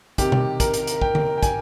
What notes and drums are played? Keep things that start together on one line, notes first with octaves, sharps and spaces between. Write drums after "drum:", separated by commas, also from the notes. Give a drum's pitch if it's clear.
C3 D#3 G4, drum: kick, hi-hat
drum: tom B2
A#4, drum: kick, hi-hat
drum: hi-hat
drum: hi-hat
G5, drum: kick
drum: tom D3
G5
G#5, drum: kick, hi-hat